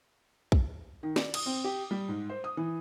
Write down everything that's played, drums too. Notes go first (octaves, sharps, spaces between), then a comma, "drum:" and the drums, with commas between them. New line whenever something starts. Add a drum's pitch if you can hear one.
drum: kick
D#3
D5, drum: snare
D#6, drum: cymbal
C4
G4
G3
G#2
C5
D#6
E3